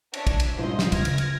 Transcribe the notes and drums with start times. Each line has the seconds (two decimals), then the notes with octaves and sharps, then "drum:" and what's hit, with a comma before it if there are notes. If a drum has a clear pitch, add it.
0.14 D4 C#5 E5, drum: cymbal
0.27 drum: kick, cymbal
0.40 drum: cymbal
0.58 A#1 G2 C5 D#5 C6
0.79 drum: snare
0.92 F#1 D4 F6 G#6 A#6, drum: cymbal
1.05 drum: cymbal
1.18 drum: cymbal